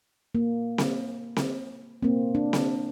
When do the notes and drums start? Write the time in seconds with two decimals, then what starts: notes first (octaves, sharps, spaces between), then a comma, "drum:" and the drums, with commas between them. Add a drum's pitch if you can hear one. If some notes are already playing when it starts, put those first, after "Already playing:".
0.35 A#3
0.78 drum: snare C4
1.36 drum: snare C4
2.02 A#3 C4
2.35 D4
2.53 drum: snare C4